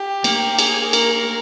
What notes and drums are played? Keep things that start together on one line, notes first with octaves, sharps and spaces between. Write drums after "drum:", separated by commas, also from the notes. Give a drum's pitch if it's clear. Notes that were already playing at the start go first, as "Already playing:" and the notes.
Already playing: G4
A#3, drum: cymbal
G#4, drum: cymbal
A#4, drum: cymbal